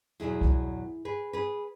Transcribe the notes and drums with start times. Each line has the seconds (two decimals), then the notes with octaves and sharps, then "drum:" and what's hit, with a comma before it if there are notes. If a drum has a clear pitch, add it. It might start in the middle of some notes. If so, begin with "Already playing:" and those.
0.20 E2 B2 F#3 E4 G#4
0.41 drum: kick C2
1.05 G#4 B4
1.33 G#4 B4